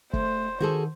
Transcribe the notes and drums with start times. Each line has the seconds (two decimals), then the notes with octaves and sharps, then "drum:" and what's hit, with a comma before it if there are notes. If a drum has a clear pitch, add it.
0.13 A3 C5, drum: kick
0.61 D#3 F#4 G#4 A4